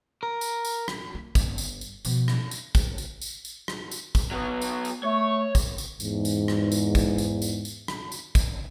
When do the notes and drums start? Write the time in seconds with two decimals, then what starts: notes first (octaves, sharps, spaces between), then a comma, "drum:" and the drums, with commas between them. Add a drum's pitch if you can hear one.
0.23 A#4
0.41 drum: tambourine
0.65 drum: tambourine
0.88 drum: rim click
1.15 A#3
1.35 G1, drum: kick, tambourine
1.58 drum: tambourine
1.81 drum: tambourine
2.05 B2 F3, drum: tambourine
2.28 drum: rim click
2.51 drum: tambourine
2.75 drum: kick, tambourine
2.98 drum: tambourine
3.21 drum: tambourine
3.45 drum: tambourine
3.68 drum: rim click
3.91 drum: tambourine
4.15 drum: kick, tambourine
4.31 F#3 B3
4.62 drum: tambourine
4.85 drum: tambourine
5.03 A3 C#5
5.55 drum: kick, tambourine
5.78 drum: tambourine
6.00 E2 G#2, drum: tambourine
6.25 drum: tambourine
6.48 drum: rim click
6.72 drum: tambourine
6.95 drum: kick, tambourine
7.18 drum: tambourine
7.42 drum: tambourine
7.65 drum: tambourine
7.88 drum: rim click
8.12 drum: tambourine
8.35 drum: kick, tambourine